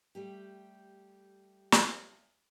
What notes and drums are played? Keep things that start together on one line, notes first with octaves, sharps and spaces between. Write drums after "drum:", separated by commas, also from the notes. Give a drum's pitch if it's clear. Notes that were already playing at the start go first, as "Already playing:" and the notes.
G3 A3 G4
drum: snare